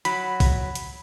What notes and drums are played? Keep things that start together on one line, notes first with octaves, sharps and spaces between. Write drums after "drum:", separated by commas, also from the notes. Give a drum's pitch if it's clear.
F#3 B5, drum: hi-hat
drum: kick, open hi-hat
drum: hi-hat